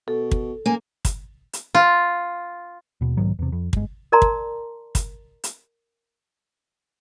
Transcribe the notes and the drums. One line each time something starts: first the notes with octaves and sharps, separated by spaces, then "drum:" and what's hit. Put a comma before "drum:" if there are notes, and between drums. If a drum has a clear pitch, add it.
B2 A4
drum: kick
F#1 A#3 G#5
drum: kick, hi-hat
drum: hi-hat
F4
D#2 B2
B1 G#2 D#3 F#3
E2 C3
F2
G1 G#3, drum: kick
A#4 D5 A5 A#5 C6
drum: kick
drum: kick, hi-hat
drum: hi-hat